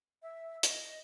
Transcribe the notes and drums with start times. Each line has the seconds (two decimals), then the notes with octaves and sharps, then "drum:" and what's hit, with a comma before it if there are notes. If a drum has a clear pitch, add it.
0.23 E5
0.63 D#5, drum: hi-hat